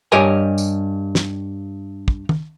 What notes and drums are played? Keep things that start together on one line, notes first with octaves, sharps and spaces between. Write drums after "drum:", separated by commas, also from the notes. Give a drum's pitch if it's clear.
G2 G4 A#4 C#5 D#5 G#5
drum: tambourine
drum: snare
drum: kick
drum: tom